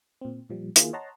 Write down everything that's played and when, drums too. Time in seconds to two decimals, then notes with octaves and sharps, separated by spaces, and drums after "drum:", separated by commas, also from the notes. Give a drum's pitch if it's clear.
0.21 A#2 C4
0.49 A#2 F3 G3
0.76 D#3 A#3 E4 F4 G#4, drum: hi-hat
0.93 C#5 D#5 F#5 A5 A#5 C6